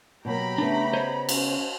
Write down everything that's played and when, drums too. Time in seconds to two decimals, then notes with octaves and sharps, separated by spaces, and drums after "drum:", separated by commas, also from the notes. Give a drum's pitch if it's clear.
0.25 B2 F#3 A#3 G4 A#5 B5
0.58 C#3 A3 B3 D4
0.94 C5 C#5 D#5
1.29 C#4, drum: cymbal